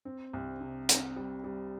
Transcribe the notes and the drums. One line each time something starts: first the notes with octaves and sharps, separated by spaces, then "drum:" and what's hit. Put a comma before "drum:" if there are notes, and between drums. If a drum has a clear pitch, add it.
C4
C2
C3
C4, drum: hi-hat
G3
G3